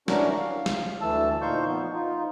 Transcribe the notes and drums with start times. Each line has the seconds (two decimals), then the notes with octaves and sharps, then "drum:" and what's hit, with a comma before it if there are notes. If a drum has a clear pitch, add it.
0.08 E3 C#4 D4 F#4 A#4, drum: snare
0.38 F5
0.66 drum: snare
1.01 D2 E3 A3 A5 E6
1.42 A#2 D#4 C5 F5 C#6 G6
1.67 F3 B3
1.94 D#4 F4